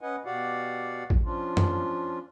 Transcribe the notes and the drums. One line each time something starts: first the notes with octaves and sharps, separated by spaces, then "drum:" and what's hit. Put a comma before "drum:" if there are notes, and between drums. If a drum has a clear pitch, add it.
C#4 B4 D#5 F#5 G#5
B2 F#4 G4 D5 F5 F#5
drum: kick A1
F3 C#4 D4 F4
drum: tom F#2